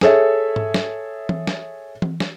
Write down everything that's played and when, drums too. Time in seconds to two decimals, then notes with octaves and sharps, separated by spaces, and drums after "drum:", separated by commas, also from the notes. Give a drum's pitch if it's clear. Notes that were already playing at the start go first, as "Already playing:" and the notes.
0.01 G#4 A4 C#5 E5, drum: snare
0.56 drum: tom G#2
0.74 drum: snare
1.29 drum: tom E3
1.47 drum: snare
2.02 drum: tom E3
2.20 drum: snare